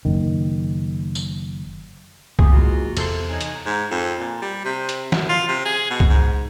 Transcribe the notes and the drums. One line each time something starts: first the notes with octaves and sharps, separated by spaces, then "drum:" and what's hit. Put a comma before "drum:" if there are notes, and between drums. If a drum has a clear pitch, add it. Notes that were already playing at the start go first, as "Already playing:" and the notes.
F#1 D#3
drum: tambourine
E1 C#3 A3 B3 G4 G#4, drum: kick C2
F#1 E3 G#3 A#3 F4 F#4
E2 C3 A4 C6, drum: cymbal
D#4 C#5 G#5
drum: hi-hat
G#2
F2
A#2
G3
C3
drum: hi-hat
F#2, drum: snare
F4
C3
G#4
B2
drum: kick C2
G#2